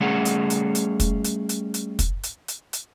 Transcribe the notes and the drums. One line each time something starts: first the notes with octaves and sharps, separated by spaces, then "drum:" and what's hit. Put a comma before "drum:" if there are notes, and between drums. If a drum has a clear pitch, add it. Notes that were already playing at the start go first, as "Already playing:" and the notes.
G3 A3 C#4 G#4 C#5 F#5
drum: hi-hat
drum: hi-hat
drum: hi-hat
drum: kick, hi-hat
drum: hi-hat
drum: hi-hat
drum: hi-hat
drum: kick, hi-hat
drum: hi-hat
drum: hi-hat
drum: hi-hat